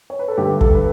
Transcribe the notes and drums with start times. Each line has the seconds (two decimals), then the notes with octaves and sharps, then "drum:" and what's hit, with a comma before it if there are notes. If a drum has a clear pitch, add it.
0.10 C#5
0.19 B4
0.28 A4
0.37 G2 D3 A3 G4
0.61 A4, drum: kick
0.74 B4